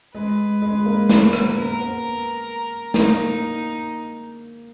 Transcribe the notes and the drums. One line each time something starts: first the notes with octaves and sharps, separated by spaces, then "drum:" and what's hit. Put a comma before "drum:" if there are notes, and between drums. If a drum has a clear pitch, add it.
G#3 B4
G#3
A#3
A#3, drum: snare
B3, drum: rim click
B3 A#4
B3
B3, drum: snare
A#3 D#4